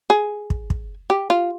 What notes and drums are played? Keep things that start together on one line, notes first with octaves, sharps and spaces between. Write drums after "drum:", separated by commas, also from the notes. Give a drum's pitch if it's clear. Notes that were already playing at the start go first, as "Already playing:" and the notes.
G#4
drum: kick
drum: kick
G4
F4